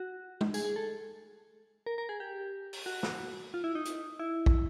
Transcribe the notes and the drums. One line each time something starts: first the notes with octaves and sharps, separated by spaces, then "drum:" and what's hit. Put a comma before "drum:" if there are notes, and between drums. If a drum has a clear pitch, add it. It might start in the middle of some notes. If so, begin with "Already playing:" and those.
Already playing: F#4
drum: tom G#3
G#4, drum: tambourine
G#4
A4
A#4
A#4
G#4
G4
drum: open hi-hat
F#4
drum: snare
F4
E4
D#4
drum: hi-hat
E4
drum: kick A#1